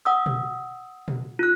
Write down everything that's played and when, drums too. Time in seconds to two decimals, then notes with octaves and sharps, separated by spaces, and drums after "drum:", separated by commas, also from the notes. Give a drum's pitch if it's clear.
0.05 F#5 D#6 E6
0.26 drum: tom A#2
1.08 drum: tom A#2
1.39 F4 F#6